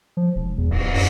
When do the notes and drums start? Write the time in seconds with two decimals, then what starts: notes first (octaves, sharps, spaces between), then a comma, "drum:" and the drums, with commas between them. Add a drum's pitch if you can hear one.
0.17 F3
0.36 E1
0.58 E2
0.71 D1, drum: cymbal
0.93 F#2, drum: cymbal